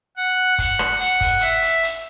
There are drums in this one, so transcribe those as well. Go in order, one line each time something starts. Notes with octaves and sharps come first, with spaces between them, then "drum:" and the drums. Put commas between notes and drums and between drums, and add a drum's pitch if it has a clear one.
F#5
F#5, drum: kick, hi-hat
drum: rim click
F#5, drum: hi-hat
drum: kick, open hi-hat
E5, drum: hi-hat
drum: hi-hat
drum: hi-hat